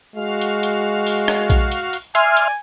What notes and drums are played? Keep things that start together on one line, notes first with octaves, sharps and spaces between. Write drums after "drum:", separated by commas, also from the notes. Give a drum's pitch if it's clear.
G#3 F#4 F5 F6
drum: hi-hat
drum: hi-hat
drum: open hi-hat
drum: rim click
drum: kick A#1, hi-hat
drum: hi-hat
drum: hi-hat
D5 E5 G#5 C6 F6, drum: hi-hat
drum: hi-hat